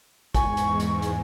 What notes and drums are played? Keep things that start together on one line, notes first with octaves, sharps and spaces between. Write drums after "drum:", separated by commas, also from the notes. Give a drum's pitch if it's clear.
E2 G#2 G#5 C#6, drum: kick, hi-hat
drum: hi-hat
drum: hi-hat
drum: hi-hat